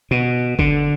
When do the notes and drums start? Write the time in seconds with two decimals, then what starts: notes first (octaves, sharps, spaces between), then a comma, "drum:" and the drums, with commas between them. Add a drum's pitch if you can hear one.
0.11 B2
0.59 D3, drum: kick G1